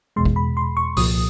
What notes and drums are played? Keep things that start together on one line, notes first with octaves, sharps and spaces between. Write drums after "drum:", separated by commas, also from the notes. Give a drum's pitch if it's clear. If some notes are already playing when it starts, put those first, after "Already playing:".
E2 B2 G#3 C6
drum: kick
B5
C6
C#6
C2 A#2 F3 D#6, drum: open hi-hat